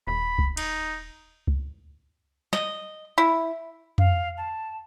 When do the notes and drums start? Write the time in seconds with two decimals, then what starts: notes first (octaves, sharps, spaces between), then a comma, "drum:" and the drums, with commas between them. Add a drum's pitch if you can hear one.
0.07 D#1 B5
0.38 drum: kick C2
0.57 D#4, drum: cymbal
1.47 drum: kick C2
2.53 D#5, drum: snare
3.18 E4
3.98 F5, drum: tom F2
4.37 A5